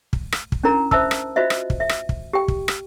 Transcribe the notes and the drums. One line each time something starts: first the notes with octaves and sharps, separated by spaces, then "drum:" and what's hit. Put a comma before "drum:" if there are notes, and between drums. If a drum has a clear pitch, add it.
drum: kick
drum: rim click
drum: kick
C#4 D4 E4 A#4 A#5
C5 E5 A5 E6, drum: kick
drum: rim click
F4 F#4 C5 D#5 E5
drum: rim click
drum: kick
E5
drum: rim click
drum: kick
G4 G5
drum: kick
drum: rim click